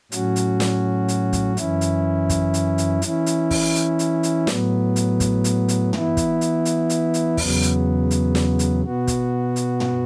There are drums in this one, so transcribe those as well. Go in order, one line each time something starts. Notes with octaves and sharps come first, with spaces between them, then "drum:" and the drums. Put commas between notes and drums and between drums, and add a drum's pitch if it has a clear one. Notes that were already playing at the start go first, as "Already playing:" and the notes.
A2 F#3 C#4 F#4, drum: hi-hat
drum: hi-hat
drum: snare
drum: hi-hat
drum: kick, hi-hat
F#2 E3 C#4 E4, drum: hi-hat
drum: hi-hat
drum: kick, hi-hat
drum: hi-hat
drum: hi-hat
E3 C#4 E4, drum: hi-hat
drum: hi-hat
drum: kick, open hi-hat
drum: hi-hat
drum: hi-hat
drum: hi-hat
A2 F#3 B3, drum: snare
drum: hi-hat
drum: kick, hi-hat
drum: hi-hat
drum: hi-hat
E3 B3 E4, drum: tom
drum: kick, hi-hat
drum: hi-hat
drum: hi-hat
drum: hi-hat
drum: hi-hat
E2 C#3 F#3 B3, drum: kick, open hi-hat
drum: hi-hat
drum: hi-hat
drum: snare
drum: hi-hat
B2 B3 F#4
drum: kick, hi-hat
drum: hi-hat
drum: tom